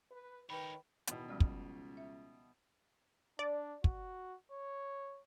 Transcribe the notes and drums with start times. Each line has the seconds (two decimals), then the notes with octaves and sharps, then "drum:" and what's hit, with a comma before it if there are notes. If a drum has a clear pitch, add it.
0.11 B4
0.50 D#3 D#4 B4 C#5 G5 B5
1.07 E2 B2 D#3, drum: hi-hat
1.28 C#2 F3 G3 D5
1.40 drum: kick
1.97 E5
3.39 D4 D5
3.84 F#4, drum: kick
4.52 C#5